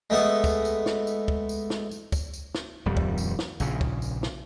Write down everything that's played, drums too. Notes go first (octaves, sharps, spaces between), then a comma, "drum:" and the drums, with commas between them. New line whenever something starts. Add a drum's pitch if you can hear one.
G#3 A3 B3 A4
drum: kick, tambourine
drum: tambourine
drum: snare
drum: tambourine
drum: kick
drum: tambourine
drum: snare
drum: tambourine
drum: kick, tambourine
drum: tambourine
drum: snare
D#1 F2 G3
drum: kick
drum: tambourine
drum: snare
A#1 C#3, drum: tambourine
drum: kick
drum: tambourine
drum: snare